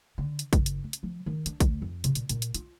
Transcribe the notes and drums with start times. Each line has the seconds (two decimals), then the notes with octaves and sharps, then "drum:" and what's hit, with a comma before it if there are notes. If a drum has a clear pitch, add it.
0.18 D3
0.39 drum: hi-hat
0.53 F#1, drum: kick, hi-hat
0.66 drum: hi-hat
0.84 C#4
0.93 drum: hi-hat
1.03 F3
1.26 D#3
1.46 D4, drum: hi-hat
1.60 D2, drum: kick, hi-hat
1.82 F2
2.04 C3, drum: hi-hat
2.15 A#2, drum: hi-hat
2.29 A#2, drum: hi-hat
2.42 drum: hi-hat
2.54 F4, drum: hi-hat